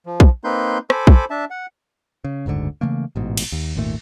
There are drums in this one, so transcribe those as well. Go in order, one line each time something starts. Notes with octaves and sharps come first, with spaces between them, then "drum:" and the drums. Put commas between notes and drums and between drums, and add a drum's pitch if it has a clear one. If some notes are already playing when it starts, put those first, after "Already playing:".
F3
drum: kick
A#3 C4 D#4 B4 C6 G6
A4 C5 G#5 B5 D6, drum: rim click
drum: kick
D4 E5 A5
F#5
C#3
F#1 D2 G#2 D3
C#3 E3 A3 A#3
A1 G#2 B2
drum: cymbal
D#2
G#1 D#2 A#2 A3